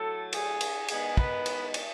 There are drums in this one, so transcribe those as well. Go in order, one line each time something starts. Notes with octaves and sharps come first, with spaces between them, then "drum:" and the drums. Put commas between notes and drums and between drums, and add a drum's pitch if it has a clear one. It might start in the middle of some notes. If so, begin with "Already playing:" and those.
Already playing: A2 F#3 A3 A4
G#4, drum: cymbal
drum: cymbal
D#3 G#3 B3 D#4 G#4, drum: cymbal
B4, drum: kick
drum: cymbal
drum: cymbal